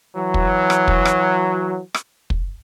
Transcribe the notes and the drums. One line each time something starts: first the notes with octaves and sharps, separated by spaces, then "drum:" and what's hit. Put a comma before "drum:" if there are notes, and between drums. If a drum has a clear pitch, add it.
E3 F#3
drum: kick
drum: rim click
drum: kick
drum: rim click
drum: rim click
drum: kick